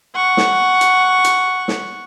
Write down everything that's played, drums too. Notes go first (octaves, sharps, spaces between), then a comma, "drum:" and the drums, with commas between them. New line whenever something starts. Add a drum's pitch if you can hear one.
F#5 C#6
drum: snare
drum: hi-hat
drum: hi-hat
drum: snare